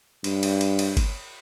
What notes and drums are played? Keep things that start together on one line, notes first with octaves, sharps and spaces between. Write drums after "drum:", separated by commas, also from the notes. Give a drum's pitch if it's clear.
G2, drum: cymbal
drum: cymbal
drum: cymbal
drum: cymbal
drum: kick G1, cymbal